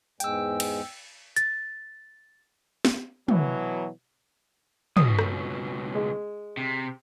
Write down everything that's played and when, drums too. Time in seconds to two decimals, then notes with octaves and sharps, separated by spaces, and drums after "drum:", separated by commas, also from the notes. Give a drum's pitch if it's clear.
0.20 E2 G#2 G#3 G5 E6, drum: hi-hat
0.60 drum: cymbal
1.36 A6, drum: hi-hat
2.85 drum: snare
3.28 B2 E3 F#3, drum: tom
4.97 C#2 B2 D#6, drum: tom
5.19 drum: rim click
5.95 G#3
6.57 C3